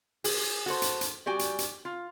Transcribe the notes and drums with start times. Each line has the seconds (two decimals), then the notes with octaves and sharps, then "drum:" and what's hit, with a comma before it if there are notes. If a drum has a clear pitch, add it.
0.24 G#4, drum: open hi-hat
0.66 F#4 A4 C5
0.82 drum: hi-hat
1.01 drum: hi-hat
1.26 G3 F#4 G4 G#5
1.39 drum: hi-hat
1.58 drum: hi-hat
1.85 F4